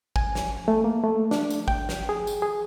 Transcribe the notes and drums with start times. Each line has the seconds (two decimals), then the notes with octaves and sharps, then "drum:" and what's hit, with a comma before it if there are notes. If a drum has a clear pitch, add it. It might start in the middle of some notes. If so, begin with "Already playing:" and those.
0.16 G#5, drum: kick G#1
0.35 drum: snare
0.68 A3
0.84 A#3
1.04 A3
1.31 D4, drum: snare
1.50 drum: tambourine
1.68 G5, drum: kick G#1
1.89 drum: snare
2.09 G#4
2.27 drum: tambourine
2.42 G#4